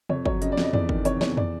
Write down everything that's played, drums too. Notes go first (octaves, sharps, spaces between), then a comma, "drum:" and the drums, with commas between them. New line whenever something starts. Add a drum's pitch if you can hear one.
F2 C#5, drum: tom
F#3 C#5, drum: kick G1
C#3 D#5, drum: hi-hat
D5
F2, drum: snare
D#5
E2 D5, drum: tom
D#3, drum: kick G1
C3 C#5, drum: hi-hat
E2 C#5, drum: snare
D5, drum: tom